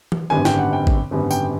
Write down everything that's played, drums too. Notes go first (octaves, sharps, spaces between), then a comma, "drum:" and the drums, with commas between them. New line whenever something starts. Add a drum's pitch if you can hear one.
drum: tom E3
G#1 F#2 D3 G3 B3 G#5
G5, drum: snare
F#5
G5
drum: kick
G#1 F#2 D3 G3 B3
G5, drum: tambourine